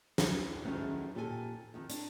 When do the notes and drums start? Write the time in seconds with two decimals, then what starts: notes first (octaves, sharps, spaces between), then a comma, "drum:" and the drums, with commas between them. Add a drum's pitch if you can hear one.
0.18 drum: snare
0.64 D#3 F#3 G#3 A3 B3 C#4
1.15 A#2 G4 A4 B4 G#5
1.74 F2 D#3
1.90 D4, drum: hi-hat